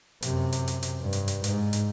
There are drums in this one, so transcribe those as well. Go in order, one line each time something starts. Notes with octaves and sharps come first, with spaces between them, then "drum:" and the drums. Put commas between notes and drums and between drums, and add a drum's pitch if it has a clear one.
F#2 C3, drum: hi-hat
drum: hi-hat
drum: hi-hat
drum: hi-hat
G2
drum: hi-hat
drum: hi-hat
G#2, drum: hi-hat
drum: hi-hat